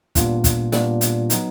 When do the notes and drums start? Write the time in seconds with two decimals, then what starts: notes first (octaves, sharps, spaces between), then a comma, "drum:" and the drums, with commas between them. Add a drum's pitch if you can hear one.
0.15 A#2 G3 B3 D4 F4, drum: kick, hi-hat
0.44 drum: kick, hi-hat
0.72 A#2 G3 B3 D4 F4, drum: snare
1.01 drum: hi-hat
1.30 F#3 B3 D#4, drum: hi-hat